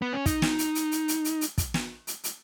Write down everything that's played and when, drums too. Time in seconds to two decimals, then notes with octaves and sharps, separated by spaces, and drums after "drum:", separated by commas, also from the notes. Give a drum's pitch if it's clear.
0.02 B3
0.13 C#4
0.26 D#4, drum: kick, hi-hat
0.42 drum: snare
0.59 drum: hi-hat
0.75 drum: hi-hat
0.92 drum: hi-hat
1.08 drum: hi-hat
1.25 drum: hi-hat
1.41 drum: hi-hat
1.58 drum: kick, hi-hat
1.74 drum: snare
2.07 drum: hi-hat
2.24 drum: hi-hat